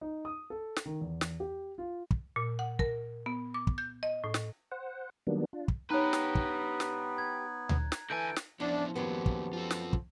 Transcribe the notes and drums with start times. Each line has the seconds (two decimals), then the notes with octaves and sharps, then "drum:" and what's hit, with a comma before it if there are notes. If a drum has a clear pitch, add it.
0.01 D#4
0.25 D#6
0.50 A4
0.76 drum: snare
0.86 D#3
1.01 E2
1.21 drum: snare
1.40 G4
1.78 F4
2.11 drum: kick
2.36 A#2
2.59 F#5
2.79 A#4, drum: kick
3.26 B3
3.54 D6
3.67 drum: kick
3.78 G6
4.03 D#5
4.24 A2
4.34 drum: snare
4.72 C5 F#5
5.27 D#3 F#3 G3 A#3 B3 D4
5.53 D4 F4
5.68 drum: kick
5.91 B3 D#4 G4 B4 C#5 A#5 F#6
6.13 drum: snare
6.35 drum: kick
6.80 drum: snare
7.18 G#6
7.69 drum: tom D2
7.92 drum: snare
8.10 D2 E3 A4 G#5 G6 D7
8.36 drum: snare
8.60 E2 F3 B3 C#4 D4 E4
8.96 F#2 D#3 F#3 G#3 A#3 B3 G4
9.26 drum: kick
9.53 F3 F4 A4
9.71 drum: snare
9.93 drum: kick